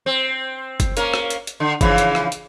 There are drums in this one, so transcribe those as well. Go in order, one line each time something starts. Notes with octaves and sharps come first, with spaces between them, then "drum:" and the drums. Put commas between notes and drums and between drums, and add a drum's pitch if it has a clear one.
C4
drum: kick G1, hi-hat
A#3 C#4 A#4, drum: hi-hat
drum: rim click
drum: hi-hat
drum: hi-hat
D3
C#3 E3 F3, drum: kick G1, hi-hat
drum: hi-hat
drum: rim click
drum: hi-hat